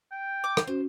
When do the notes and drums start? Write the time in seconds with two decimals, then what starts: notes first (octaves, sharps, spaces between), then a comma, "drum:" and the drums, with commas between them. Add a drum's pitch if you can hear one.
0.12 G5
0.44 D6
0.57 drum: rim click
0.68 C#4 F#4 C5